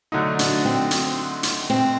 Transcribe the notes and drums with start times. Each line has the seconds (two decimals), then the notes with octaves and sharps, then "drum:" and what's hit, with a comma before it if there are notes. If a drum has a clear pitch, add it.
0.12 D3 F#3 A3 D#4
0.39 D4, drum: hi-hat
0.65 C4
0.91 drum: hi-hat
1.43 drum: hi-hat
1.70 C4